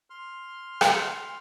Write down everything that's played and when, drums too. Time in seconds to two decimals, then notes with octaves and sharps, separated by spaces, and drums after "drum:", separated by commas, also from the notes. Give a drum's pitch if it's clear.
0.10 C6 F6
0.81 drum: rim click